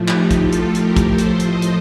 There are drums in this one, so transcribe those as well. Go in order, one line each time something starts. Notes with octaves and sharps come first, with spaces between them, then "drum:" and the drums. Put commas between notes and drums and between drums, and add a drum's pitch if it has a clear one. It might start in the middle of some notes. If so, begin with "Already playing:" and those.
Already playing: A2 F3 A3
D#4 G4, drum: clap
drum: kick, hi-hat
F4 A4
drum: hi-hat
G4 A#4, drum: hi-hat
drum: kick, hi-hat
A4 C5
drum: hi-hat
C5 D#5, drum: hi-hat
drum: hi-hat